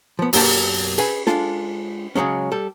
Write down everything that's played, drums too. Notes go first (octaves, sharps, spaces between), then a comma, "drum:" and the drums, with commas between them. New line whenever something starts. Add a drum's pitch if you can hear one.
F3 B3
B1 F#2 A#3 G4 A5, drum: open hi-hat
G#4 B4 G#5, drum: cymbal
G#3 D4 F4 A4, drum: snare
C#3 E3 F#3 G#3 C#4
G3 A4